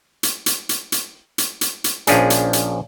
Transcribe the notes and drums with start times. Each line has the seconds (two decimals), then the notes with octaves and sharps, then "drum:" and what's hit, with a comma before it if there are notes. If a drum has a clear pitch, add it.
0.23 drum: hi-hat
0.46 drum: hi-hat
0.69 drum: hi-hat
0.92 drum: hi-hat
1.38 drum: hi-hat
1.61 drum: hi-hat
1.84 drum: hi-hat
2.07 A#1 F3 C#4 D4 G#4, drum: hi-hat
2.30 drum: hi-hat
2.53 drum: hi-hat